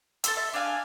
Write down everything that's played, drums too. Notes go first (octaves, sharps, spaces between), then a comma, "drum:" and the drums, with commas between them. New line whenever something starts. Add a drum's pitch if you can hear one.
A4 C6 E6, drum: hi-hat
E5
D4 G#4 F5 G#5